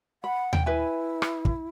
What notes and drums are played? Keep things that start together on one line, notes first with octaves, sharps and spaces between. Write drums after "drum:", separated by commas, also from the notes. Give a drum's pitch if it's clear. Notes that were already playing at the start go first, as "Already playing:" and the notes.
F#5 B5
G5, drum: tom D#2
E4 B4 E5 G#5
drum: rim click
drum: kick